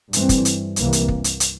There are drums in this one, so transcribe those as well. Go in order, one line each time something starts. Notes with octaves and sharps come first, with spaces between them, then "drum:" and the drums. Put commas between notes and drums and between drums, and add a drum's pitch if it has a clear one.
G2 E3 A3 C4, drum: hi-hat
drum: kick, hi-hat
drum: hi-hat
C2 C3 E3 A#3, drum: hi-hat
drum: hi-hat
drum: kick
drum: hi-hat
drum: hi-hat